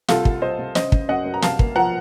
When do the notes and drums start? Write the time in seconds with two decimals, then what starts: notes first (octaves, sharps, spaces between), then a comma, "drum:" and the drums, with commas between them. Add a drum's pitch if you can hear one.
0.08 C2 F4 A4, drum: snare
0.25 C2, drum: kick
0.41 C2 C5 D#5
0.58 C2
0.75 C#3 C5 D#5, drum: snare
0.92 C#3, drum: kick
1.09 F#2 D#5 F#5
1.25 F#2
1.34 A#5
1.42 C2 F5 A5, drum: snare
1.59 A#3, drum: kick
1.76 F3 F#5 A#5